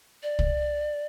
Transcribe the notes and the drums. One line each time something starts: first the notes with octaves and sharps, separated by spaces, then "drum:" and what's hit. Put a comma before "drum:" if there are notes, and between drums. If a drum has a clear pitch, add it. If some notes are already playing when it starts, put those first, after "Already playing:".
D5
drum: kick